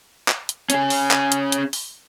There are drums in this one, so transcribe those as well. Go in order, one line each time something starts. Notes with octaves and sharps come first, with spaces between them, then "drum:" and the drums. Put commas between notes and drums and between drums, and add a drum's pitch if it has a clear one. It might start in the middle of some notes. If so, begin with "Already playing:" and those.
drum: clap
drum: hi-hat
C#4 G#4, drum: hi-hat
drum: open hi-hat
drum: clap
drum: hi-hat
drum: hi-hat
drum: open hi-hat